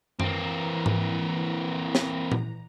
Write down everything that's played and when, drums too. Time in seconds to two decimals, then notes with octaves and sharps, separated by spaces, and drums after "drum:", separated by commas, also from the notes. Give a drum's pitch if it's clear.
0.20 E3 A#3 C4 A#5, drum: tom F#2
0.86 drum: tom G#2
1.95 drum: snare
2.32 drum: tom A#2